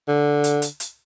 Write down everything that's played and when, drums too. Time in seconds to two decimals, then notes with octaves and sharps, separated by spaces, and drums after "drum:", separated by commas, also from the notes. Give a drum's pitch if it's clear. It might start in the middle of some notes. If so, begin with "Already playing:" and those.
0.08 D3
0.44 drum: hi-hat
0.62 drum: hi-hat
0.80 drum: hi-hat